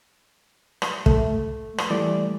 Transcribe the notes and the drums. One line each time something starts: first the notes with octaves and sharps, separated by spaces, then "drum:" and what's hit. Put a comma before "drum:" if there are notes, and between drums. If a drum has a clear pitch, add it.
drum: rim click
A3, drum: kick
drum: rim click
E3 G3 A3 D5